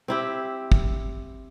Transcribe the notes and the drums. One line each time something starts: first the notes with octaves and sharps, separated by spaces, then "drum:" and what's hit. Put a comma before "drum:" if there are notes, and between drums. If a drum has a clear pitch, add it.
C4 E4 G4
drum: kick